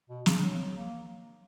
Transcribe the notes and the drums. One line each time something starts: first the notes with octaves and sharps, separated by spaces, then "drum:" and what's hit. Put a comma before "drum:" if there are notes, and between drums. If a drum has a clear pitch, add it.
B2
C#3, drum: snare
F#3
A#3